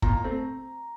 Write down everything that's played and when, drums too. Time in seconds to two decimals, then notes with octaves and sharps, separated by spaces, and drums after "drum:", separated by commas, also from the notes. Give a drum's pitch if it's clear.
0.02 A#2 A#5, drum: kick
0.24 A3 C4